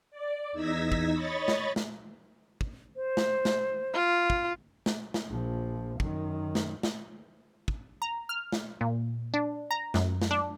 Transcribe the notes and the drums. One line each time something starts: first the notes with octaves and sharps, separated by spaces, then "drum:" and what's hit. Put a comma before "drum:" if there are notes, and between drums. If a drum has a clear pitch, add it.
D5
E2 D#4 E6 G#6 A#6 B6
drum: kick
C#5 D#5 B5 C#6 A6
drum: snare
drum: snare
drum: kick
C5
drum: snare
drum: snare
F4
drum: kick
drum: snare
drum: snare
A#1 F3
F#2 D#3, drum: kick
drum: snare
drum: snare
drum: kick
A#5
F6
drum: snare
A#2
D4
A#5
F#2, drum: snare
drum: snare
D4